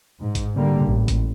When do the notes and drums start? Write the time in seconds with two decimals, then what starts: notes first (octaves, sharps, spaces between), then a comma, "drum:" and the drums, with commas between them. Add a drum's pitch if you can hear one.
0.21 G#2
0.35 drum: kick G#1, hi-hat
0.56 D3 G3 A#3
0.86 A1
1.08 drum: kick G#1, hi-hat